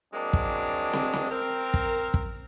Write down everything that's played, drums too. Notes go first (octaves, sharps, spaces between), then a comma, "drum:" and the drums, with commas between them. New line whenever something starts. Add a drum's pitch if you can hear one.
F#3 G#3 A#3 C4 D4
drum: kick
drum: snare
drum: snare
C4 A#4
drum: kick
drum: kick